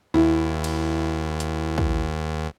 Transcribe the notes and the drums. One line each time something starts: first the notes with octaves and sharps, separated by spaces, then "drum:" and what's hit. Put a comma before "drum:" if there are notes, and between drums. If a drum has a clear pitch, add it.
D#2 E4
drum: cymbal
drum: hi-hat
drum: kick